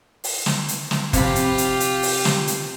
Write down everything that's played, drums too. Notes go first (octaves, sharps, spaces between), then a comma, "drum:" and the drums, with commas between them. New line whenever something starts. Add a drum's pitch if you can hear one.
drum: open hi-hat
drum: snare
drum: hi-hat
drum: snare
C3 F3 F4 G4 B5, drum: kick, hi-hat
drum: hi-hat
drum: hi-hat
drum: hi-hat
drum: open hi-hat
drum: snare
drum: hi-hat